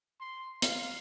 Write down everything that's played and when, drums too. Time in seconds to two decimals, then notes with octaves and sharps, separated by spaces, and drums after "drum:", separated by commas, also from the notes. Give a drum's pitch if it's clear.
0.20 C6
0.62 F5, drum: hi-hat